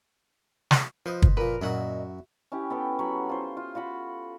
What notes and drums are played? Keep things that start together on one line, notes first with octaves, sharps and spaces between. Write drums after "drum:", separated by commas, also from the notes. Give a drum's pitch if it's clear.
drum: snare
F3 B4 C5 D#5
drum: kick
A#2 F3 A#4 B4
F#2 A#2 E4 F#4 D#5 F#5
C#4 E4 G4
B3 A4 G5
F#3 C#5 F#5 B5
F4 C5
F4
F4 F#4 F#5 B5